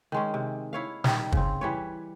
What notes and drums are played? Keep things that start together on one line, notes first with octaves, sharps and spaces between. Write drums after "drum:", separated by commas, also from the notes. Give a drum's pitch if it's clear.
D#3 G#3 C#4
C3
E4 C#5 F5
D#3 G3, drum: snare
C#3 C4, drum: kick
E3 G3 C#5